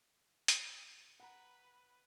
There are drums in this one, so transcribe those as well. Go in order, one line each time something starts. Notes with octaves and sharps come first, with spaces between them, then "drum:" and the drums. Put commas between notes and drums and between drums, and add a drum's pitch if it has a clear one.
drum: hi-hat
B4 F#5 A#5 B5